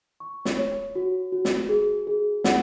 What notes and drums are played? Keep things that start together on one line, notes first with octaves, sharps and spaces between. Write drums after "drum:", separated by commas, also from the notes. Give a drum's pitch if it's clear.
C#6
drum: snare
C#5
F#4
F#4
drum: snare
G#4
G#4
F#5, drum: snare